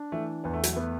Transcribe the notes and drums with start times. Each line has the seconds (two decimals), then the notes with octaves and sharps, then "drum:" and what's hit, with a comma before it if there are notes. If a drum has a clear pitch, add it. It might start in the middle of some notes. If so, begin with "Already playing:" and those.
Already playing: D4
0.12 E3 A3
0.44 E2 B3
0.53 A3
0.63 F#3, drum: hi-hat
0.73 A3 B3